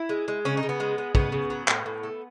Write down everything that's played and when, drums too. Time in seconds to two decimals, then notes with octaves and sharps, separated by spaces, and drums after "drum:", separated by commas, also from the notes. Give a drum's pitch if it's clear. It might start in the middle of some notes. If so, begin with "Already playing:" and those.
Already playing: E4
0.09 G#3
0.28 G#3
0.45 C#3 C#4
0.57 D#4
0.63 C#3
0.69 B3
0.80 G#3
0.98 G#3
1.15 C#3 B3, drum: kick
1.32 C#3
1.50 F#3
1.68 A2, drum: clap
1.86 A2
2.03 A3